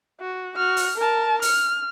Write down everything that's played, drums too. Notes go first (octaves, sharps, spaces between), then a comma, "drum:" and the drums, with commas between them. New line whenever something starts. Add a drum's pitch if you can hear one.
F#4
F#4 F6
drum: open hi-hat
A#4 A5
F6, drum: open hi-hat